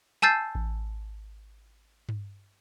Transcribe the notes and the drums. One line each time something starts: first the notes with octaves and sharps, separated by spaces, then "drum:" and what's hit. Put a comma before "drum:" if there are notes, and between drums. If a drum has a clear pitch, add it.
G#5 A5 E6 G6 A6 C7, drum: snare
drum: kick A1
drum: tom G2